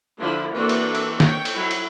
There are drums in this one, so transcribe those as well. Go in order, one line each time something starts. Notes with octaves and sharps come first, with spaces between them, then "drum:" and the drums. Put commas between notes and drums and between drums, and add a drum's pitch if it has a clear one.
D3 F3 E4
E3 A#3 C4 D4 F#4 A4
drum: cymbal
drum: cymbal
C#5 G5, drum: snare
drum: cymbal
F#3 E4
drum: cymbal